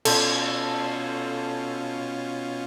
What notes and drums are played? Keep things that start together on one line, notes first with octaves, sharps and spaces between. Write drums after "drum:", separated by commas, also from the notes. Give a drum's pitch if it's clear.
B2 C#4 F4 A4, drum: cymbal